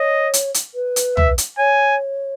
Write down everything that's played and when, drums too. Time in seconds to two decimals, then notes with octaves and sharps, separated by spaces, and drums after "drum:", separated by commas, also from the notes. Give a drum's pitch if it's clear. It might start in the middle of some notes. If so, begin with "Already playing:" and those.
Already playing: C#5 D#5
0.34 drum: hi-hat
0.54 drum: hi-hat
0.75 B4
0.96 drum: hi-hat
1.17 E5, drum: tom
1.38 drum: hi-hat
1.58 C#5 G#5